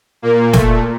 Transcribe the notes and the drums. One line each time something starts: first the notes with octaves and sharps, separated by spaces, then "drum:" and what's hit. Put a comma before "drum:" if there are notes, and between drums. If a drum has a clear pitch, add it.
A#2 A#3
A3, drum: snare